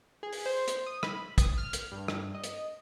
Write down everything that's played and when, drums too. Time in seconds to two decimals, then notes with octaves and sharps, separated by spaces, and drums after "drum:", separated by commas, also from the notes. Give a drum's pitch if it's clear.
0.23 G#4
0.33 drum: open hi-hat
0.46 C5
0.68 drum: hi-hat
0.86 D#6
1.03 B5, drum: rim click
1.38 D#6, drum: kick, hi-hat
1.58 F6
1.73 drum: hi-hat
1.92 G2
2.08 drum: rim click
2.34 D#5
2.44 drum: hi-hat